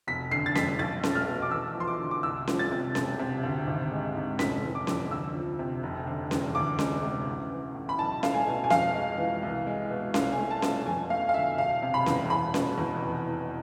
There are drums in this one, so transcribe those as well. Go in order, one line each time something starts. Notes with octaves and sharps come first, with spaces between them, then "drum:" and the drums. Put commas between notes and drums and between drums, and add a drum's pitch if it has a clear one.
F1 B6
D3 C7
A6
F2 B6, drum: snare C#4
B1 A6
A3, drum: snare C#4
F6
B2
D6
E2 E6
F3 C6
D6
D3
D6
C2 E6
F3, drum: snare C#4
A6
C3
E1, drum: snare C#4
C3
D2
G#1
G#3
G#2
F1 B6, drum: snare C#4
E3
D6
F2, drum: snare C#4
D2 E6
F3
C3
F1
D3
E2, drum: snare C#4
D2 D6
G#3, drum: snare C#4
C3
A1
E3
A2
B5
B1 A5
A3 F5, drum: snare C#4
G#5
B2
G#5
F2 F5, drum: snare C#4
G#3
E3
C2
G#3
B2
C2 F5, drum: snare C#4
G#5
A3
A5
B2, drum: snare C#4
F2 G#5
A3 F5
F5
D3 E5
E1 F5
C3
B5
E2, drum: snare C#4
E1 B5
B2, drum: snare C#4
E2
F1
E3